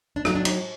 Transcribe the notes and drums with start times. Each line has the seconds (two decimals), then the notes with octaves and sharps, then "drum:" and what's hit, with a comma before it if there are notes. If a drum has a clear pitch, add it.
0.16 D4
0.25 A2 F#3 D#4, drum: rim click
0.35 D4
0.45 D#4, drum: cymbal